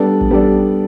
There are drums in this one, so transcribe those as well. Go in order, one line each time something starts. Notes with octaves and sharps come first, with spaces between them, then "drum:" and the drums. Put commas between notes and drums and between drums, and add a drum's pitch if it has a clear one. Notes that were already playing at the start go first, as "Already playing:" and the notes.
Already playing: G3 B3 D4 A4 D5
drum: kick A1
G3 B3 D4 A4 D5